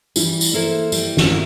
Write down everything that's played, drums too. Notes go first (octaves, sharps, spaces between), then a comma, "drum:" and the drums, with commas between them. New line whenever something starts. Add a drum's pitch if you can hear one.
E3 G3, drum: tambourine
drum: tambourine
A#3 E4 A4 C5
G3, drum: tambourine
drum: snare
A#3 E4